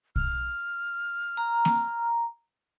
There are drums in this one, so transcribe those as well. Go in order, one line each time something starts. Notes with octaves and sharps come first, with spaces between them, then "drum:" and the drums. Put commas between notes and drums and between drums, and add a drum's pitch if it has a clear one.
F6, drum: kick B1
A#5
drum: snare A#3